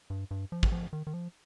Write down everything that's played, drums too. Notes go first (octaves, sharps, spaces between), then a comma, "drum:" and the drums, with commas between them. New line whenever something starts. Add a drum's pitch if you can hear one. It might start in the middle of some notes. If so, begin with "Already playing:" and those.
G2
G2
F3
drum: kick
F3
D#3
D#3
F3